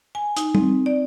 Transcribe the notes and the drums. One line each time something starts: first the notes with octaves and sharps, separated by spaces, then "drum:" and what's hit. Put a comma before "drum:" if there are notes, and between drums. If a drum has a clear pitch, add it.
G#5
D#4, drum: hi-hat
C4, drum: tom G3
D5